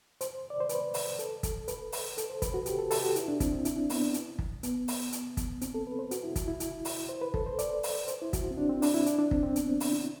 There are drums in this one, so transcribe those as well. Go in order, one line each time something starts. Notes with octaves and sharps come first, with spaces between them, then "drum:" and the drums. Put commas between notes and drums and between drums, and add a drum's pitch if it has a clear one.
C5, drum: hi-hat
D5
C5
B4, drum: hi-hat
drum: open hi-hat
A4, drum: hi-hat
drum: kick, hi-hat
B4, drum: hi-hat
drum: open hi-hat
A4, drum: hi-hat
C5
B4, drum: kick, hi-hat
F#4
G4, drum: hi-hat
A4
A4, drum: open hi-hat
G4
F#4
E4, drum: hi-hat
D4
C4, drum: kick, hi-hat
C4
E4, drum: hi-hat
D4
B3, drum: open hi-hat
D4
drum: hi-hat
drum: kick
B3, drum: hi-hat
drum: open hi-hat
drum: hi-hat
drum: kick, hi-hat
C4, drum: hi-hat
A4
B4
C5
F#4, drum: hi-hat
E4
drum: kick, hi-hat
E4
E4, drum: hi-hat
drum: open hi-hat
C5
B4
A4, drum: kick
C5
D5, drum: hi-hat
drum: open hi-hat
C5, drum: hi-hat
E4
F#4, drum: kick, hi-hat
C4
D4
C4
D4, drum: open hi-hat
E4
D4, drum: hi-hat
D4
C4, drum: kick
C4
B3, drum: hi-hat
D4
C4
D4, drum: open hi-hat
E4